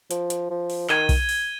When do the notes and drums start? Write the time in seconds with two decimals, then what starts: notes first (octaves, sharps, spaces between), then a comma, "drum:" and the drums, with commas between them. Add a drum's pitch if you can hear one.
0.11 F3, drum: hi-hat
0.30 drum: hi-hat
0.50 F3
0.70 drum: open hi-hat
0.89 D#3 G#6 D#7 G7, drum: clap
1.09 drum: kick B1, open hi-hat
1.29 drum: open hi-hat